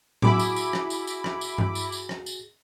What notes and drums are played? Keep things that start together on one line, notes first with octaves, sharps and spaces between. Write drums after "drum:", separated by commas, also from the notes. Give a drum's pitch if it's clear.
E4 F#4 G#4 B5 D6, drum: tom A2
drum: tambourine
drum: tambourine
drum: rim click
drum: tambourine
drum: tambourine
drum: rim click
drum: tambourine
drum: tom G2
drum: tambourine
drum: tambourine
drum: rim click
drum: tambourine